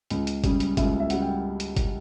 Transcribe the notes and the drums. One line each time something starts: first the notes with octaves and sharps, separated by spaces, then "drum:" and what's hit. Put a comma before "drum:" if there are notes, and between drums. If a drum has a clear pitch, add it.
C#2, drum: hi-hat
drum: hi-hat
C#3 G3, drum: kick F#1, hi-hat
drum: hi-hat
C#2 E5, drum: kick F#1, hi-hat
E5
C#3 G3 F#5, drum: hi-hat
G5
drum: hi-hat
drum: kick F#1, hi-hat